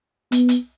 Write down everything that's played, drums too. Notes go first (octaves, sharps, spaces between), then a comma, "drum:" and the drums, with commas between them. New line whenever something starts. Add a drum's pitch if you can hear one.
B3, drum: hi-hat
drum: hi-hat